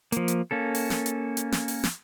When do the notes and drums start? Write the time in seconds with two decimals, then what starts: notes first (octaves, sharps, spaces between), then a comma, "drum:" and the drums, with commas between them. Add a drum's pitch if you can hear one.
0.12 F3 A#3, drum: hi-hat
0.28 drum: hi-hat
0.51 A#3 C#4 A4
0.75 drum: open hi-hat
0.90 drum: snare
1.06 drum: hi-hat
1.37 drum: hi-hat
1.52 drum: snare
1.68 drum: open hi-hat
1.84 drum: snare